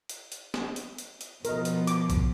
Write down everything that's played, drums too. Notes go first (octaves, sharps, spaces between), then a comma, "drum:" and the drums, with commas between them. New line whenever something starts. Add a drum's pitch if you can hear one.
drum: hi-hat
drum: hi-hat
drum: snare
drum: hi-hat
drum: hi-hat
drum: hi-hat
B2 F3 A#4 D#5, drum: hi-hat
drum: hi-hat
D6, drum: hi-hat
drum: kick A#1, hi-hat